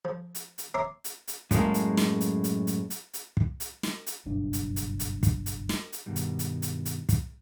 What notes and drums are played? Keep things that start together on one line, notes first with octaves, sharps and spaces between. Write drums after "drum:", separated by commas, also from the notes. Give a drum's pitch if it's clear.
F3
drum: hi-hat
drum: hi-hat
C#5 E5 A#5 C6 D6
drum: hi-hat
drum: hi-hat
F#2 A2 F#3 G#3 A#3, drum: kick, hi-hat
drum: hi-hat
drum: snare
drum: hi-hat
drum: hi-hat
drum: hi-hat
drum: hi-hat
drum: hi-hat
drum: kick
drum: hi-hat
drum: snare
drum: hi-hat
F#1 B1 G2 D4
drum: hi-hat
drum: hi-hat
drum: hi-hat
drum: kick, hi-hat
drum: hi-hat
drum: snare
drum: hi-hat
G2 B2 D#3 G3
drum: hi-hat
drum: hi-hat
drum: hi-hat
drum: hi-hat
drum: kick, hi-hat